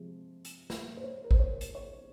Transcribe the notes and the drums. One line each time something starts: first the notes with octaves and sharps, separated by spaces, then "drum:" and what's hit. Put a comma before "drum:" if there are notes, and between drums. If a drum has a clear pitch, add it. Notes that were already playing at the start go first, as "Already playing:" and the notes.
Already playing: C3 F3 G#3
drum: hi-hat
drum: snare
C5
C#5
A#4
C5, drum: kick
C#5
drum: hi-hat
C#5